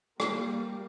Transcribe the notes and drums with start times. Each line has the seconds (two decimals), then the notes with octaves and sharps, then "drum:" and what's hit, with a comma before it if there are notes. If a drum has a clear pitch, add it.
0.20 G3 A#3, drum: rim click